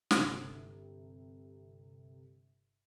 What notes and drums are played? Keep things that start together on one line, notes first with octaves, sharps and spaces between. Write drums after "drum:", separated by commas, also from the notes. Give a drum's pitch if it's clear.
G1 C3, drum: snare